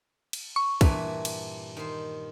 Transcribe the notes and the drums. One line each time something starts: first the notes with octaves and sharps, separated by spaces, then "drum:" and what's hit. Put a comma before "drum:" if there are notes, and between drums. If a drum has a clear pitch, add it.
drum: cymbal
C#6
G2 A#2 E3, drum: kick, cymbal
drum: cymbal
D#3 C5